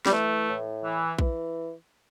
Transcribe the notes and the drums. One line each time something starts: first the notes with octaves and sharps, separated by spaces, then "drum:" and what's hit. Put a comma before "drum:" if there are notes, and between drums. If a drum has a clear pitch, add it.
G3, drum: snare
E3 A3
A2
E3
E3, drum: kick A#1